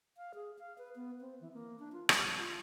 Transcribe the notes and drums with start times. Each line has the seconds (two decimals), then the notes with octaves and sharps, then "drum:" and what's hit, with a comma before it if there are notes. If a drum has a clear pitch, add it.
0.17 F5
0.34 G#4
0.59 F5
0.78 B4
0.96 B3
1.21 C4
1.41 E3
1.53 A#3
1.79 D4
1.93 F4
2.09 G3, drum: rim click
2.38 F4